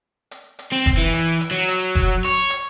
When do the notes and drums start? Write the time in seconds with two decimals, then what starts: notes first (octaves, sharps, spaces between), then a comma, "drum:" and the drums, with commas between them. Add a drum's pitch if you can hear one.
0.31 drum: hi-hat
0.59 drum: hi-hat
0.72 C4
0.86 drum: kick, hi-hat
0.98 E3
1.13 drum: hi-hat
1.41 drum: hi-hat
1.51 F#3
1.68 drum: hi-hat
1.95 drum: kick, hi-hat
2.25 C#5, drum: hi-hat
2.50 drum: hi-hat